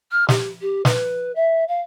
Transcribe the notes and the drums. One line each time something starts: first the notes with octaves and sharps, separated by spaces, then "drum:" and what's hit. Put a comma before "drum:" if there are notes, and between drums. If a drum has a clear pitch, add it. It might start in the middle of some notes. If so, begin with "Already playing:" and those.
F6
G4, drum: snare
G4
B4, drum: snare
E5
F5